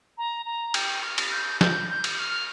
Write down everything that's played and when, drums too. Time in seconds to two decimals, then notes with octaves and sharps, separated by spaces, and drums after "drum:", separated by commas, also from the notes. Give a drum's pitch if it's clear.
0.18 A#5
0.45 A#5
0.74 G5, drum: cymbal
1.03 F6
1.18 drum: cymbal
1.32 G6
1.61 G6, drum: snare
1.90 G6
2.04 drum: cymbal
2.19 F6